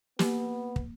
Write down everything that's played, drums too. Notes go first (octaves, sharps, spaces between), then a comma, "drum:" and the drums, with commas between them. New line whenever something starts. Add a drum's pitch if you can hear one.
A#3 B3 G4, drum: snare
drum: kick